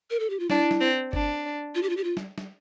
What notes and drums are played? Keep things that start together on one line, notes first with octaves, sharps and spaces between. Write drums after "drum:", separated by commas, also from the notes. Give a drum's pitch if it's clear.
A#4
A4
G4
F4
D4 E4, drum: snare
drum: snare
C4
D4, drum: kick G1
F4
G4
F4
G4
F4
drum: snare
drum: snare